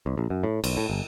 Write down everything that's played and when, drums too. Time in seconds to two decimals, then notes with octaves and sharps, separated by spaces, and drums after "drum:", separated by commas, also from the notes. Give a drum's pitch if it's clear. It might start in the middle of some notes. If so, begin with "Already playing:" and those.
0.06 C2
0.18 A#1
0.30 F#2
0.44 A2
0.64 B1, drum: cymbal
0.77 A2
0.90 G1